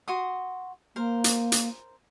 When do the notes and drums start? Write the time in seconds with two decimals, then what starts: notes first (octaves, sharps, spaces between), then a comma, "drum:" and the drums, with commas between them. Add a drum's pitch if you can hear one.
0.08 F#4 C6 D#6
0.96 A#3 A#4 C5
1.24 drum: hi-hat
1.52 drum: hi-hat